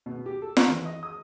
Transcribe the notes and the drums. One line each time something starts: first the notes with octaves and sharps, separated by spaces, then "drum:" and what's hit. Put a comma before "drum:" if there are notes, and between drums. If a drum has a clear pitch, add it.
B2
G4
A4
drum: snare
E3
D#5
D#6